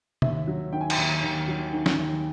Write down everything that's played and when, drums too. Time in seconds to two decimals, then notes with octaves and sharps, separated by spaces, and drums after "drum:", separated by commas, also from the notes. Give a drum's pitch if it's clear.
0.22 D#2 E5, drum: tom
0.47 F#3
0.72 D#3 G5
0.81 G#5
0.90 G5, drum: cymbal
0.97 D#2
1.23 D#2
1.48 F#3
1.73 D#3
1.86 drum: snare
1.98 D#2